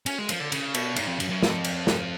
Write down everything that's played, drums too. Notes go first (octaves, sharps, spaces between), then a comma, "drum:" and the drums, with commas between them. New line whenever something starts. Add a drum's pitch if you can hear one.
C#4, drum: cymbal
G#3
F3, drum: cymbal
D3
C#3, drum: cymbal
B2, drum: cymbal
G#2, drum: cymbal
F2
F#2, drum: cymbal
F#2
F2, drum: snare
drum: cymbal
drum: snare